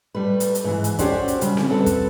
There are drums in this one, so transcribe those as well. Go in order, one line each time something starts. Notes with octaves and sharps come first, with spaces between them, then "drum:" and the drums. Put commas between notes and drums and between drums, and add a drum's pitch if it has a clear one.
G3 A3 B4
drum: hi-hat
drum: hi-hat
G#2 E3
drum: hi-hat
C#4 F#4 G4 A4 C5 D5, drum: kick, hi-hat
drum: hi-hat
C#3 G3, drum: hi-hat
drum: snare C4
G3 C4 F#4 A4 B4
drum: kick, hi-hat